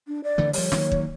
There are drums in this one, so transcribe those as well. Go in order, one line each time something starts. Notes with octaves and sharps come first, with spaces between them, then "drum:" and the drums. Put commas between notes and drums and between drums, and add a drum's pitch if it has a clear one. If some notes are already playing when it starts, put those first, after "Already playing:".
D4
D5
D3 E3 A3
F3 G3 C#5, drum: open hi-hat
D#3 F#3 A#3, drum: snare
drum: kick